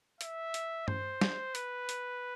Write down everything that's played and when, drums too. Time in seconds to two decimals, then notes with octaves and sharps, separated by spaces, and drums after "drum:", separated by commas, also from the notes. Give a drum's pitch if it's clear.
0.21 E5, drum: hi-hat
0.54 drum: hi-hat
0.88 C5, drum: tom G2
1.21 drum: snare
1.55 B4, drum: hi-hat
1.89 drum: hi-hat